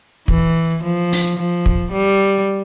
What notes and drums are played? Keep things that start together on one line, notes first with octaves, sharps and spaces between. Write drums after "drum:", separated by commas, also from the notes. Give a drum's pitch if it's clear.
E3, drum: kick
F3
drum: open hi-hat
F3
drum: kick
G3